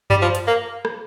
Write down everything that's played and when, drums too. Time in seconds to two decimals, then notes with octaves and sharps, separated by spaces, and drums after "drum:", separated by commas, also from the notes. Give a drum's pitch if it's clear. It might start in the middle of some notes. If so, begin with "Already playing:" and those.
0.10 G3, drum: tom G2
0.22 F3
0.35 drum: hi-hat
0.47 A#3
0.85 drum: rim click